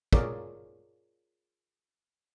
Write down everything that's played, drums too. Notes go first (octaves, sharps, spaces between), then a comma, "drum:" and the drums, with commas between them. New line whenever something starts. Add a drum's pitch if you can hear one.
F4 G#4 A#4 C#5 D5, drum: kick